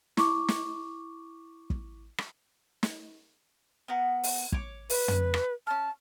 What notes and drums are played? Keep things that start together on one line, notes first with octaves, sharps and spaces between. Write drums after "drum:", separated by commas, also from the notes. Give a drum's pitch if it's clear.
E4 C#6 D6, drum: snare
drum: snare
drum: kick
drum: rim click
drum: snare
B3 A#4 F#5
drum: open hi-hat
C#5 D6, drum: kick
B4, drum: open hi-hat
drum: tom
drum: rim click
C#4 A5 F6